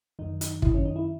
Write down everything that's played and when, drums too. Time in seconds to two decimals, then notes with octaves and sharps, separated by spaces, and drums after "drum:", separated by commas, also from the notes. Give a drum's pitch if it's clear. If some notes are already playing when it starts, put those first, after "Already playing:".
0.19 F#2 D#3 D#4
0.41 D#4, drum: hi-hat
0.62 F#2 D#3 E4, drum: kick
0.74 C#4
0.85 D#4
0.96 E4